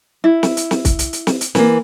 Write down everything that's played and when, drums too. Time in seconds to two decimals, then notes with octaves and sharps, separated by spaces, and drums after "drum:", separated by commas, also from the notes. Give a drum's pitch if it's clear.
0.24 E4
0.43 drum: snare
0.57 drum: hi-hat
0.71 drum: snare
0.85 drum: kick, hi-hat
0.99 drum: hi-hat
1.13 drum: hi-hat
1.27 drum: snare
1.41 drum: hi-hat
1.55 E3 A#3, drum: snare